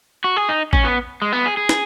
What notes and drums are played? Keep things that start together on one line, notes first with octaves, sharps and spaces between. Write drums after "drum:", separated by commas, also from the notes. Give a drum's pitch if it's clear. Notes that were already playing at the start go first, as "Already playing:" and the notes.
F#4
G#4
D#4
C#4, drum: kick A1
B3
G#3
B3
G#4
G#4
drum: snare